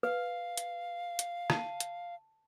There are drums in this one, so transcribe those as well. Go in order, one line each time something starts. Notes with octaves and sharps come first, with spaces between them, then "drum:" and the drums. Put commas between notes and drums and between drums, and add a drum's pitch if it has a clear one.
B4 F5
drum: hi-hat
drum: hi-hat
A5, drum: rim click
drum: hi-hat